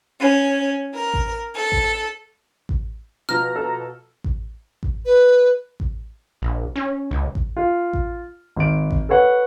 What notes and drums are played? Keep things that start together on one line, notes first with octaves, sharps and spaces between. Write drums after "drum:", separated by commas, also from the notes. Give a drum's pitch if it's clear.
C#4
A#4
drum: kick A1
A4
drum: kick A1
drum: kick A1
B2 F3 A#5 F6
A4
drum: kick A1
drum: kick A1
B4
drum: kick A1
A#1
C#4
C#2
drum: kick A1
F4
drum: kick A1
G#1 D7
drum: kick A1
A4 B4 C#5 F#5